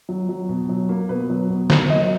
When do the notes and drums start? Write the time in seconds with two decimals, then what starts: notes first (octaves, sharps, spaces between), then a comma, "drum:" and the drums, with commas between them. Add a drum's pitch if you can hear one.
0.09 F#3
0.29 F#3
0.49 B2
0.69 F#3
0.89 A#3
1.09 B2 B4
1.30 F#3
1.49 B2
1.70 A#3, drum: snare
1.90 F#3 D#5